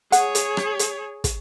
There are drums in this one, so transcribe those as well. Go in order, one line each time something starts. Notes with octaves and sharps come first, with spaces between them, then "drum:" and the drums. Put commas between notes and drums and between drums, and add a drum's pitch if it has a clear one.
G#4 C#5 F#5, drum: hi-hat
drum: hi-hat
drum: rim click
drum: hi-hat
drum: kick, hi-hat